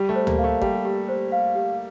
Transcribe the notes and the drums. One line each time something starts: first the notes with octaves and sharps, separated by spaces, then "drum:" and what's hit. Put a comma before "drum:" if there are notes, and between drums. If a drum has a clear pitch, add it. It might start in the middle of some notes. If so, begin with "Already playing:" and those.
Already playing: G3 G4
A3
C5
A#3, drum: tom D2
F5
A3
G3 G4, drum: kick G#1
G4
C5
F5
G4